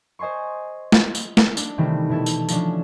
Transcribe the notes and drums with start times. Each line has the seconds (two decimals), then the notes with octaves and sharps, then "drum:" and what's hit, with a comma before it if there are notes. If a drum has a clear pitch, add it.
0.19 C5 D#5 G#5 C6 C#6
0.92 drum: snare
1.15 drum: tambourine
1.37 drum: snare
1.57 D4, drum: tambourine
1.78 C3 D#3 E3 G3 A3 C4
2.09 B2 E4 A4
2.26 drum: tambourine
2.49 F3 C#4 D4, drum: tambourine